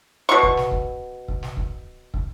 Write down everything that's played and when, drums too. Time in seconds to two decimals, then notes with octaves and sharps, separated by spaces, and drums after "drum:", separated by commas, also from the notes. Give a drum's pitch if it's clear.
0.29 B2 C#6
0.43 drum: kick
0.57 drum: snare
0.71 drum: kick
1.28 drum: kick
1.43 drum: snare
1.57 drum: kick
2.14 drum: kick